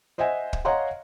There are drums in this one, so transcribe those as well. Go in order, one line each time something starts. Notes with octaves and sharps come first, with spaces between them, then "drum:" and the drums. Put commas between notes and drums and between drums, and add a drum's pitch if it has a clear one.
C5 D#5 E5 F#5 G#5
drum: kick
C#5 D#5 F5 F#5 A#5 C6